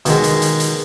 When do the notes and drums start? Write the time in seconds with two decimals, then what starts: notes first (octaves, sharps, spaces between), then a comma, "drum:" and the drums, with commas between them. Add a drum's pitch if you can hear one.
0.06 B2 D#3 G#3, drum: hi-hat
0.24 drum: hi-hat
0.42 drum: hi-hat
0.60 drum: hi-hat